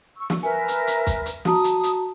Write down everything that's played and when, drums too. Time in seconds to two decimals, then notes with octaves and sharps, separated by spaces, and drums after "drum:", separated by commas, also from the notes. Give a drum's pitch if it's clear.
0.17 C#6 E6
0.30 drum: snare
0.43 A#4 B4 E5 G#5
0.68 drum: hi-hat
0.87 drum: hi-hat
1.07 drum: kick, hi-hat
1.26 drum: hi-hat
1.45 F#4 A5 A#5 D#6, drum: snare
1.64 drum: hi-hat
1.83 drum: hi-hat